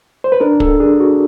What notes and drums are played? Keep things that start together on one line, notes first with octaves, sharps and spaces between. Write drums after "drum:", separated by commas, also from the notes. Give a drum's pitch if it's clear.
C5
B4
D4 A#4
A4, drum: kick
D4 G#4
F#4